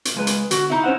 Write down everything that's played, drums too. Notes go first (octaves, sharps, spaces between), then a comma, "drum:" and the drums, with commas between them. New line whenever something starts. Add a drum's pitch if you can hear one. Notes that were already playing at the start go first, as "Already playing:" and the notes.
drum: hi-hat
C#2 G#3 B4
drum: hi-hat
D3 F#4, drum: hi-hat
D#4 E4
C#4 C5 F#5